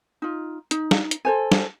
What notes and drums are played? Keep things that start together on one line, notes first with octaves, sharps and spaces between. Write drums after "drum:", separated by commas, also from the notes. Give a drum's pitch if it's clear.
D#4 F4
D#4, drum: hi-hat
drum: snare
drum: hi-hat
A4 C5 G#5
drum: snare